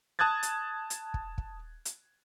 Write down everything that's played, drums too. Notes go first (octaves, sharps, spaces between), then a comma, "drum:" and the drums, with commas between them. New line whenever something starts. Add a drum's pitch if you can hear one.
A5 D#6 F#6 G#6 A6
drum: hi-hat
drum: hi-hat
drum: kick
drum: kick
drum: hi-hat